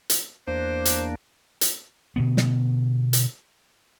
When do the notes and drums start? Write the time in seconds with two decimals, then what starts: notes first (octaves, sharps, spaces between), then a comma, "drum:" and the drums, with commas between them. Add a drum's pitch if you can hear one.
0.10 drum: hi-hat
0.48 E2 A#3 D4 C5
0.85 drum: hi-hat
1.61 drum: hi-hat
2.16 B2 D3 B3
2.37 drum: snare
3.13 drum: hi-hat